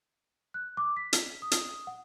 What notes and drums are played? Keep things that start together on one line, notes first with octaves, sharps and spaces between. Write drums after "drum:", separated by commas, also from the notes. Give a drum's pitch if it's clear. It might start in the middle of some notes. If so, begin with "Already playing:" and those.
F#6
D6
B6
drum: hi-hat
D#6
drum: hi-hat
F#5